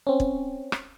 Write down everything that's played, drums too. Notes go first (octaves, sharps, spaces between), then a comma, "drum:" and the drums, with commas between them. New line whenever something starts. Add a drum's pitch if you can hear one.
C4 C#4
drum: kick
drum: rim click